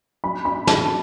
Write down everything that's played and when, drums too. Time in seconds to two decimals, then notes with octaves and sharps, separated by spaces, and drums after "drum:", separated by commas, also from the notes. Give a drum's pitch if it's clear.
0.24 F#3 B5
0.45 B5
0.67 F#3 A5, drum: snare